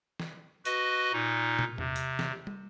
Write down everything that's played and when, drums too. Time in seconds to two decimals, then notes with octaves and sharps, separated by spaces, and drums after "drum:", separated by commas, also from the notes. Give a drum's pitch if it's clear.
0.20 drum: snare
0.65 F#4 B4 D#5, drum: hi-hat
1.13 A#2 D#4
1.59 drum: tom
1.78 C3, drum: tom
1.96 drum: hi-hat
2.19 drum: snare
2.47 drum: tom